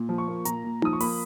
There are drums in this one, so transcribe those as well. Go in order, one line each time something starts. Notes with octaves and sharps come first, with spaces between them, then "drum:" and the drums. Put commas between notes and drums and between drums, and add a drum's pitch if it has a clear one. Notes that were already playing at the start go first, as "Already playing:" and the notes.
Already playing: A#2
F3
C#6
A#3
A#2 A#5, drum: hi-hat
A#2
F3 D#6, drum: tom D#4
C#6
A#3 B5, drum: open hi-hat